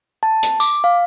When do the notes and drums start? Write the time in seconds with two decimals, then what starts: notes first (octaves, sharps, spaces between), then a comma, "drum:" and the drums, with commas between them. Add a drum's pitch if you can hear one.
0.23 A5
0.43 drum: hi-hat
0.60 D6, drum: tambourine
0.84 F5